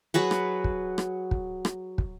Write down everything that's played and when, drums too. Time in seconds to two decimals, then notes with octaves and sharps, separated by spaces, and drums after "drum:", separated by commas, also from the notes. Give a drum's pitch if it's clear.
0.14 F#3 F#4 G#4 B4
0.31 drum: rim click
0.64 drum: kick
0.98 drum: rim click
1.31 drum: kick
1.65 drum: rim click
1.98 drum: kick